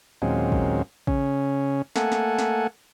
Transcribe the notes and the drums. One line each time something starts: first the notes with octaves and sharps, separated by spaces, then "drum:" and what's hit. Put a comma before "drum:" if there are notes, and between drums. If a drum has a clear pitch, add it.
D#2 A#2 F#3 G#3 C4 C#4
drum: kick
C#3 C#4, drum: kick
A3 A#3 A4 F#5 G#5, drum: snare
drum: snare
drum: snare